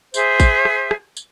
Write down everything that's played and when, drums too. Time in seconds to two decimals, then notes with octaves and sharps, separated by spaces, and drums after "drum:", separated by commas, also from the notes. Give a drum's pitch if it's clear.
0.14 G#4 C5 E5, drum: tambourine
0.40 drum: kick A1, tambourine
0.65 drum: rim click
0.91 drum: rim click
1.17 drum: tambourine